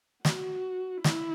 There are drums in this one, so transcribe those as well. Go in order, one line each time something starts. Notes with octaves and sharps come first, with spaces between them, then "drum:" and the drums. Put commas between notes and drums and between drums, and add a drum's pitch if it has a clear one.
F#4, drum: snare
E4, drum: snare